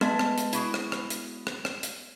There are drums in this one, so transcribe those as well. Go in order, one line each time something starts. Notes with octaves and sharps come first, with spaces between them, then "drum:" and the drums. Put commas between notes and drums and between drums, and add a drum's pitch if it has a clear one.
G#3 A3 B3 D#5 E5, drum: rim click
drum: rim click
drum: hi-hat
E4 F#4 G#4, drum: hi-hat
drum: rim click
drum: rim click
drum: hi-hat
drum: rim click
drum: rim click
drum: hi-hat